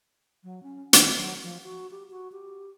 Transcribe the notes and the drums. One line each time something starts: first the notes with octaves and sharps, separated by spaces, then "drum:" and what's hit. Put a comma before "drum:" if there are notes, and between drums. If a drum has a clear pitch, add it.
F#3
C#4
D#3, drum: hi-hat
F#3
F3
F#4
G4
F#4
G4